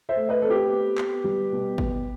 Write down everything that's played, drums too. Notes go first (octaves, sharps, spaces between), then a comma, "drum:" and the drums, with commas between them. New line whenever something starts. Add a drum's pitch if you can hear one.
C5 E5
A3
B4 D#5
C4 A4
G4 B4
B3
B3, drum: clap
G3
B2
B2, drum: kick G#1